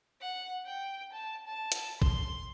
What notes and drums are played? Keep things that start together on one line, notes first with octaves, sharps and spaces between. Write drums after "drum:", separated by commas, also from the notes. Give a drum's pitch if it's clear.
F#5
G5
A5
A5
drum: hi-hat
C6, drum: kick